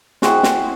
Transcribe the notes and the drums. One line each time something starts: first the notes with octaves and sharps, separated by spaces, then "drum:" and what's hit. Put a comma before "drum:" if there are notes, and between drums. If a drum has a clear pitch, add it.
G#3 C4 E4 F#4 G#4, drum: snare
drum: snare